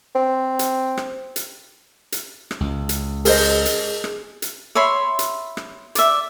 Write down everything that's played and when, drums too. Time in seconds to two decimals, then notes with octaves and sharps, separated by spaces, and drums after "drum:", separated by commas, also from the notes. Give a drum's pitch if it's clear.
0.16 C4
0.59 drum: hi-hat
0.97 drum: rim click
1.36 drum: hi-hat
2.12 drum: hi-hat
2.51 drum: rim click
2.60 C#2
2.89 drum: hi-hat
3.25 G#4 A#4 C5 D#5, drum: open hi-hat
3.66 drum: hi-hat
4.04 drum: rim click
4.42 drum: hi-hat
4.75 C#5 E5 B5 C6
5.19 drum: hi-hat
5.57 drum: rim click
5.95 D5 E5, drum: hi-hat